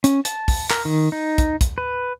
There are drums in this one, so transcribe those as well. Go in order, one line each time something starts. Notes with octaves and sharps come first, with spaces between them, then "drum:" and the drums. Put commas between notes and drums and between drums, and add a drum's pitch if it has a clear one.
C#4, drum: hi-hat
A5, drum: hi-hat
drum: kick, open hi-hat
A#4, drum: clap
D#3
D#4
drum: kick, hi-hat
drum: kick, hi-hat
B4